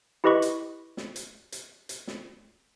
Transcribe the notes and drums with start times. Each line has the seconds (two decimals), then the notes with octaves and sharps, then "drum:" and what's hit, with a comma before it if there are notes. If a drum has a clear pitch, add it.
0.24 E4 G4 B4 D#5 B5 C#6
0.42 drum: hi-hat
0.97 drum: snare
1.16 drum: hi-hat
1.52 drum: hi-hat
1.89 drum: hi-hat
2.07 drum: snare